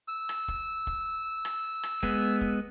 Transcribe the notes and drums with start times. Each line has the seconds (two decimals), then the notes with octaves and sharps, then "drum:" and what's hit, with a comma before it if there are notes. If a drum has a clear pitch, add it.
0.08 E6
0.29 drum: rim click
0.48 drum: kick
0.87 drum: kick
1.45 drum: rim click
1.83 drum: rim click
2.03 G#3 B3, drum: kick
2.41 drum: kick